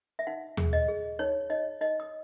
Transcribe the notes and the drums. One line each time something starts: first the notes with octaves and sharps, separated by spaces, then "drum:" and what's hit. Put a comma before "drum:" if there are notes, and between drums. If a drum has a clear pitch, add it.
E5
D#4 F#5
G#4, drum: tom D#2
D#5
G#4
D#4 C#5
D#4 D#5
D#4 D#5
D#6